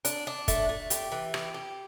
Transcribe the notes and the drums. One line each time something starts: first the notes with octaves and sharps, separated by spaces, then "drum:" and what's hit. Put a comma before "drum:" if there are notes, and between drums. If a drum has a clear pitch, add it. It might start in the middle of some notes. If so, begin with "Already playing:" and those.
D4, drum: hi-hat
D4
A3, drum: kick, hi-hat
A3
G4, drum: hi-hat
E3
G4, drum: rim click
G4